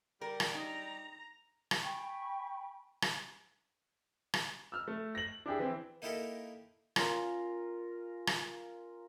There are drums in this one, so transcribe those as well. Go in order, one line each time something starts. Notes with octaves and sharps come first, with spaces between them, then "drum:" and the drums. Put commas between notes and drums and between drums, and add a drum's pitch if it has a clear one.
G3 A#4
drum: rim click
D#4 A#5
drum: rim click
G5 G#5 B5 C#6
drum: rim click
drum: rim click
E6 F6
A3
A#6 F#7
D4 E4 G4 G#4
E3 C4 E4
A#3 D#4 E4 G4 A4 A#4
C#4 F4 A#4 A#5, drum: rim click
drum: rim click